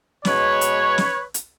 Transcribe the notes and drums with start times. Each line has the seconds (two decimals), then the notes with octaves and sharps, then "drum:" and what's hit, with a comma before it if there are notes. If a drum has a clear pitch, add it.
0.25 B2 G#3 B4 C#5, drum: snare
0.61 drum: hi-hat
0.98 drum: snare
1.34 drum: hi-hat